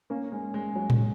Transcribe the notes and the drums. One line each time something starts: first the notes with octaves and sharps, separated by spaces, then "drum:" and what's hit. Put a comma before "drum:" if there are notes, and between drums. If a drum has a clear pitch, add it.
A#3 C#4
G#3
G#3
F#3
G#3, drum: tom A2